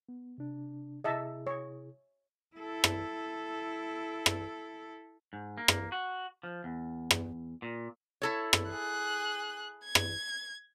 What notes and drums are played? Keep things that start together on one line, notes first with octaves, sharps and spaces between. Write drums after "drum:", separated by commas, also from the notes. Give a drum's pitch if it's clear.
B3
C3 D4
C3 E4 G#4 D#5 E5 A5
C#5
E4 A4
drum: rim click
drum: rim click
G#2
A#3
drum: rim click
F#4
F3
E2
drum: rim click
A#2
E4 A4 C#5
drum: rim click
G#4 F#6
G#6
drum: rim click